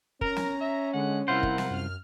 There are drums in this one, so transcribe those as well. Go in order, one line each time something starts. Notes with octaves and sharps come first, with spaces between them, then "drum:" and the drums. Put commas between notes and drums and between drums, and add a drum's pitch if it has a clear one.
C#4 A#4 A#5, drum: kick
drum: snare
E5
D3 G#3 F#5
C2 E4 F4 A#4 C5 F#5
drum: kick
drum: snare
F#2 F6